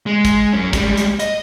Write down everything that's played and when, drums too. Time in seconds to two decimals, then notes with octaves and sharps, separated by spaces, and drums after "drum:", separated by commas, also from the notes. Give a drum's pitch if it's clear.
0.06 G#3
0.25 drum: kick, hi-hat
0.53 F#2 C#4
0.73 G3 G#3, drum: kick, hi-hat
0.97 drum: hi-hat
1.20 D#5, drum: hi-hat